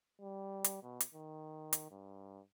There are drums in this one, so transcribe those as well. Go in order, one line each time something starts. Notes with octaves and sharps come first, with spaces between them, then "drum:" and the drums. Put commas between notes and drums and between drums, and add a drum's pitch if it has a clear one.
G3
drum: hi-hat
B2
drum: hi-hat
D#3
drum: hi-hat
G2